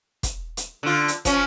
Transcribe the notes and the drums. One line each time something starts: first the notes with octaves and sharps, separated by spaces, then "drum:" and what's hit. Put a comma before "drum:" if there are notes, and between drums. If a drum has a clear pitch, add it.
drum: kick, hi-hat
drum: hi-hat
D3 F4
drum: hi-hat
F3 C#4, drum: kick, hi-hat